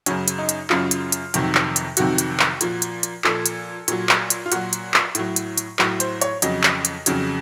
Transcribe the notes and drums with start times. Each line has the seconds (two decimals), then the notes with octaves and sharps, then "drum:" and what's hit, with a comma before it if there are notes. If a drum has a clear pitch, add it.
0.06 F#2 C#3 F#3 C#4, drum: hi-hat
0.28 drum: hi-hat
0.38 D#4
0.49 drum: hi-hat
0.70 F#2 C#3 F#3 F4, drum: clap
0.91 drum: hi-hat
1.12 drum: hi-hat
1.34 F2 C3 D#3 F#3, drum: hi-hat
1.55 drum: clap
1.76 drum: hi-hat
1.97 F2 C3 D#3 F#3 F#4, drum: hi-hat
2.18 drum: hi-hat
2.40 drum: clap
2.61 A#2 F3, drum: hi-hat
2.82 drum: hi-hat
3.03 drum: hi-hat
3.24 A#2 F3 A4, drum: clap
3.46 drum: hi-hat
3.88 A#2 F#3, drum: hi-hat
4.09 drum: clap
4.30 drum: hi-hat
4.46 F4
4.52 A#2 F#3 F#4, drum: hi-hat
4.73 drum: hi-hat
4.94 drum: clap
5.15 A2 F#3, drum: hi-hat
5.36 drum: hi-hat
5.58 drum: hi-hat
5.79 A2 F#3, drum: clap
6.00 C5, drum: hi-hat
6.21 C#5, drum: hi-hat
6.42 F2 C#3 F#3 D#5, drum: hi-hat
6.64 drum: clap
6.85 drum: hi-hat
7.06 F2 C#3 F#3, drum: hi-hat